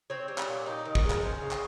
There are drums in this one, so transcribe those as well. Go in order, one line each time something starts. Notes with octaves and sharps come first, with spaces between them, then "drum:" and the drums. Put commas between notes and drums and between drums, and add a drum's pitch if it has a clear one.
C4 C#5
G3
drum: clap
A#2
D#4 G4
D#3
A#4, drum: kick
G#3
A#4, drum: clap
C#4 C5
C#3
drum: clap